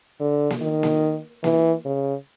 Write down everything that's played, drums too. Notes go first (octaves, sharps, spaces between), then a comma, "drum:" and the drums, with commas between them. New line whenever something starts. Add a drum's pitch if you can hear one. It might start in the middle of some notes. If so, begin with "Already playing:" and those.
D3
drum: snare A#3
D#3
drum: snare A#3
E3, drum: snare A#3
C#3